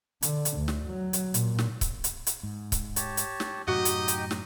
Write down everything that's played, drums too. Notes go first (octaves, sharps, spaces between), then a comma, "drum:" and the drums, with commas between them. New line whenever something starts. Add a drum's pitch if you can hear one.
D3, drum: hi-hat
drum: hi-hat
D2
drum: snare
F#3
drum: hi-hat
A#2, drum: hi-hat
drum: snare
drum: kick C#1, hi-hat
drum: hi-hat
drum: hi-hat
G#2
drum: kick C#1, hi-hat
G4 C#5 A5, drum: hi-hat
drum: hi-hat
drum: snare
F#2 A2 C3 D#4 F#4 G4 D#5 G5
drum: hi-hat
drum: hi-hat
drum: snare